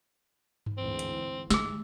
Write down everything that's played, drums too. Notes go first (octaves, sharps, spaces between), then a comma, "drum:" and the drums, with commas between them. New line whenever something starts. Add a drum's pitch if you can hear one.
drum: tom G2
D2 G#2 E3 C4
drum: hi-hat
G2 D#3 G#4 E6, drum: snare